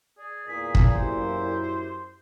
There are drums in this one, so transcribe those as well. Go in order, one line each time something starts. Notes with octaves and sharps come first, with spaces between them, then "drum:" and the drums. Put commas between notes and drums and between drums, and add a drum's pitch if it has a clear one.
G#4 D5
E2 A#2 G#4 B6
drum: kick
F#2 E4 G4 C5